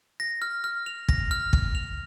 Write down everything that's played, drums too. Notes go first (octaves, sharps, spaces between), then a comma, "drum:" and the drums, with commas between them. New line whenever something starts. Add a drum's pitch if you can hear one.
A#6
F6
F6
F7
A#6, drum: kick
F6
F6, drum: kick
F7